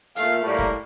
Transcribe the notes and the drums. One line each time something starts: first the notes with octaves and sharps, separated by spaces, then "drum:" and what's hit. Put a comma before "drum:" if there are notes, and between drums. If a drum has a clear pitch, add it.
A#2 A3 F5, drum: hi-hat
A2 G3 A#3
drum: kick F1